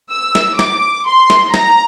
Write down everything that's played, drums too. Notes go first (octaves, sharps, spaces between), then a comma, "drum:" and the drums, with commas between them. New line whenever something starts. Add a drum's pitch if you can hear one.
E6
drum: snare
D6, drum: snare
C6
drum: snare
A#5, drum: snare